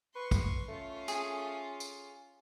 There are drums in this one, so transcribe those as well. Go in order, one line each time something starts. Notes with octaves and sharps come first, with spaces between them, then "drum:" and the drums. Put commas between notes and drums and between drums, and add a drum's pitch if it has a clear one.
B4 C6 C#6
drum: kick, tambourine
A3 C#4 F4
G#4, drum: tambourine
drum: tambourine